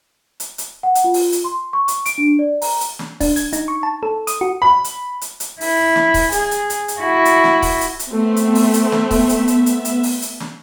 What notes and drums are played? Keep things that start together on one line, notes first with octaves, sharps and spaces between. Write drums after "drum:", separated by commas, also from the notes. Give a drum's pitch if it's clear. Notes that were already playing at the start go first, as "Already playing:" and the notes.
drum: hi-hat
drum: hi-hat
F#5
drum: hi-hat
F4
drum: open hi-hat
drum: hi-hat
C6
C#6
drum: hi-hat
D7, drum: hi-hat
D4
D5
A#5, drum: open hi-hat
drum: hi-hat
drum: snare
D4, drum: kick C#1, open hi-hat
G#6, drum: hi-hat
D#4, drum: hi-hat
C#6
A5
A4
D#6, drum: hi-hat
F#4
B5
drum: hi-hat
drum: hi-hat
drum: hi-hat
E4, drum: open hi-hat
drum: snare
drum: kick C#1, open hi-hat
G#4, drum: hi-hat
drum: hi-hat
drum: hi-hat
drum: hi-hat
E4 F#4
drum: hi-hat
drum: snare
drum: kick C#1, open hi-hat
drum: hi-hat
drum: hi-hat
A3 B3 C4 E5
drum: hi-hat
drum: open hi-hat
drum: hi-hat
drum: snare
drum: kick C#1, open hi-hat
drum: hi-hat
drum: hi-hat
drum: hi-hat
drum: hi-hat
drum: open hi-hat
drum: hi-hat
drum: snare